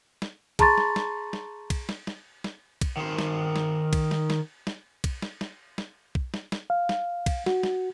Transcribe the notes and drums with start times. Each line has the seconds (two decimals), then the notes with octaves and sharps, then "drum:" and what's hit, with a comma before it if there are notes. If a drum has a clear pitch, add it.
0.22 drum: snare
0.59 G#4 A5 A#5 C6 C#6 A6, drum: kick, cymbal
0.78 drum: snare
0.96 drum: snare
1.33 drum: snare
1.70 drum: kick, cymbal
1.89 drum: snare
2.07 drum: snare
2.44 drum: snare
2.81 drum: kick, cymbal
2.97 D#3 C5
3.19 drum: snare
3.56 drum: snare
3.93 drum: kick, cymbal
4.11 drum: snare
4.30 drum: snare
4.67 drum: snare
5.04 drum: kick, cymbal
5.22 drum: snare
5.41 drum: snare
5.78 drum: snare
6.15 drum: kick
6.34 drum: snare
6.52 drum: snare
6.70 F5
6.89 drum: snare
7.26 drum: kick, cymbal
7.46 F#4, drum: snare
7.63 drum: snare